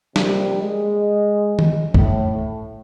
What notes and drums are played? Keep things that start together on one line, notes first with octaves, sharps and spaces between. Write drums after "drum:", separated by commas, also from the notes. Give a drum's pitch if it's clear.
A#1 C3 G3, drum: snare
G#3 D#5
drum: tom D#3
A2, drum: kick